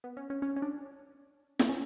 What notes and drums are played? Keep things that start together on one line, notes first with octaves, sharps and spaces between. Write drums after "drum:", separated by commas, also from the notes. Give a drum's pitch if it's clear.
B3
C#4
C#4
C#4
C#4
D4
E4, drum: snare
C#4